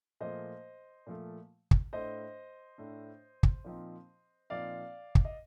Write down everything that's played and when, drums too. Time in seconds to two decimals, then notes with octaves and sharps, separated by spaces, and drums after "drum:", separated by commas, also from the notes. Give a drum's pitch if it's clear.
0.20 A#2 F3 A3 C5 D#5
1.07 A#2 F3 A3
1.71 drum: kick
1.93 A2 A3 D4 C5 D#5
2.78 A2 A3 D4
3.43 drum: kick
3.64 A#2 F3 C4 D#4
4.50 A#2 F3 C4 D#4 D5 F5
5.15 drum: kick
5.25 D#5